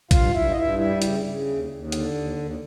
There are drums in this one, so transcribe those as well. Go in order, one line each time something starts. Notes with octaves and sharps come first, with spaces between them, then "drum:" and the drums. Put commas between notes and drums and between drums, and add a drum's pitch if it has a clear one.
G2 F4 F5, drum: kick, hi-hat
G2 E4 E5
D#5
G2 E4 E5
G3 E4 E5
C#3, drum: hi-hat
C#3
D#2
D#2
D3, drum: hi-hat
D#2
D#2